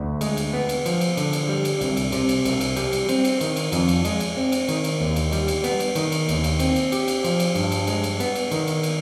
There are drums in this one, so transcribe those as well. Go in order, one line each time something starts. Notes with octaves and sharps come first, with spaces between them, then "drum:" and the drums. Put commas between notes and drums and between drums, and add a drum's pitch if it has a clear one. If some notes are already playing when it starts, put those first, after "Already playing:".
Already playing: D2 D3
G#3, drum: cymbal
drum: cymbal
B3
drum: cymbal
F3, drum: cymbal
drum: cymbal
D3, drum: cymbal
drum: cymbal
G3
drum: cymbal
C2, drum: cymbal
drum: cymbal
C3, drum: cymbal
drum: cymbal
C2, drum: cymbal
drum: cymbal
G3, drum: cymbal
drum: cymbal
C4, drum: cymbal
drum: cymbal
D#3, drum: cymbal
drum: cymbal
F2, drum: cymbal
drum: cymbal
G#3, drum: cymbal
drum: cymbal
C4
drum: cymbal
D#3, drum: cymbal
drum: cymbal
D#2
drum: cymbal
G3, drum: cymbal
drum: cymbal
B3, drum: cymbal
drum: cymbal
D#3, drum: cymbal
drum: cymbal
D#2, drum: cymbal
drum: cymbal
C4, drum: cymbal
drum: cymbal
G4, drum: cymbal
drum: cymbal
F3, drum: cymbal
drum: cymbal
G2, drum: cymbal
drum: cymbal
G#3, drum: cymbal
drum: cymbal
B3, drum: cymbal
drum: cymbal
D#3, drum: cymbal
drum: cymbal
drum: cymbal